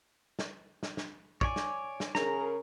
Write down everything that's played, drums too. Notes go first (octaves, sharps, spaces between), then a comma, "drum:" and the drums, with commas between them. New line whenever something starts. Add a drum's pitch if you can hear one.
drum: snare
drum: snare
drum: snare
C#5 D5 G#5, drum: kick
drum: snare
drum: snare
C#3 G#4 A#4 A#5, drum: snare